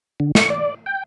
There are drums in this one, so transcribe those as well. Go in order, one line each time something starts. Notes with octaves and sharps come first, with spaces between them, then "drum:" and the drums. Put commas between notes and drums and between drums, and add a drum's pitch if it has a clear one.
D3
C#6, drum: snare
D5
G5